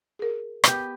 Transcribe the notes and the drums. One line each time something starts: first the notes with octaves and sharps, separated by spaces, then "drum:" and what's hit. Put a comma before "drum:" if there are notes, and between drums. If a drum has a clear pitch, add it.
G#4 A#4
B3 G4, drum: rim click